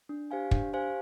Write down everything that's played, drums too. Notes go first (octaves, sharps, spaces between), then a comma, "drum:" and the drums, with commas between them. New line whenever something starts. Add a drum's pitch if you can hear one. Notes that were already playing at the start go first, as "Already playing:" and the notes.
D4
G4 C5 F5 G#5
D4, drum: kick
G4 C5 F5 G#5